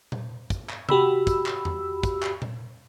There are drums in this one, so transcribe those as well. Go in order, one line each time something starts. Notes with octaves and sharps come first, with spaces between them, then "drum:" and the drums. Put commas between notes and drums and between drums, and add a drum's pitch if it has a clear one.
drum: tom A#2
drum: kick, hi-hat
drum: clap
F#4 G4 B5 E6, drum: tom C3
drum: kick, hi-hat
drum: clap
drum: tom E2
drum: kick, hi-hat
drum: clap
drum: tom A#2